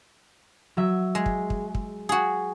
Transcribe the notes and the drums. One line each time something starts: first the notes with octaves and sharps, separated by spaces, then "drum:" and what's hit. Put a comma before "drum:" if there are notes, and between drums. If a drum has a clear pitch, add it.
F#3 E5
G#3
drum: kick
drum: kick
drum: kick
F#4 G#4